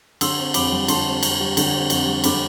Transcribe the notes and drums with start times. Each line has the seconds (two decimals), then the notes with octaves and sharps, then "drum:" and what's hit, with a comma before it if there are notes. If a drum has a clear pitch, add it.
0.21 D3 C6 E6, drum: cymbal
0.38 C4
0.54 F2 B5 D6, drum: cymbal
0.71 G3
0.88 D3 A5 C6, drum: cymbal
1.05 C4
1.23 F2, drum: cymbal
1.40 G3
1.57 D3, drum: cymbal
1.74 C4
1.90 F2, drum: cymbal
2.07 G3
2.24 D3 B5 D6, drum: cymbal